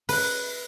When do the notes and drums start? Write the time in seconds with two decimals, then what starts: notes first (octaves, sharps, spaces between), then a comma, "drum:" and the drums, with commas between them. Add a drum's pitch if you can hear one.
0.09 B4, drum: open hi-hat